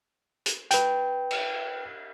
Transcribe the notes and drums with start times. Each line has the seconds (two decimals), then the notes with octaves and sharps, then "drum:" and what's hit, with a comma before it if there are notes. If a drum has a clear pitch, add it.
0.46 drum: hi-hat
0.71 B4 G5, drum: hi-hat
1.31 drum: cymbal